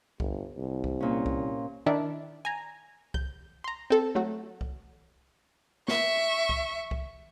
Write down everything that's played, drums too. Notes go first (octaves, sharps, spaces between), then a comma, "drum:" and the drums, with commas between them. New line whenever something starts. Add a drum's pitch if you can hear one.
G1, drum: kick C2
C2
drum: kick C2
A#2 C#4
drum: kick C2
D#3 D4 E4
G#5 A#5
G6, drum: kick C2
A#5 C6
C4 A4
F#3 A3 F#4
drum: kick C2
E5 C#6, drum: snare
drum: kick C2
drum: kick C2